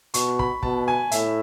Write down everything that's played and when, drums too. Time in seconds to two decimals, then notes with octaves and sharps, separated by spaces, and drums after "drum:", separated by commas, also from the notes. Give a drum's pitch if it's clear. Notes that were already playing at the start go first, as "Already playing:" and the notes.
0.14 B2 C#6, drum: hi-hat
0.39 B5, drum: kick
0.63 B2 A5, drum: kick
0.88 G#5
1.11 A2 E5, drum: hi-hat